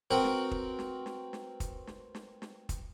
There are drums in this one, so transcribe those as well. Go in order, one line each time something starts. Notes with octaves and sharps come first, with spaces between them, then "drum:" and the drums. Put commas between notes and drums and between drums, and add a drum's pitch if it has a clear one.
C4 F#4 A#4 B4
drum: snare
drum: kick
drum: snare
drum: snare
drum: snare
drum: kick, hi-hat
drum: snare
drum: snare
drum: snare
drum: kick, hi-hat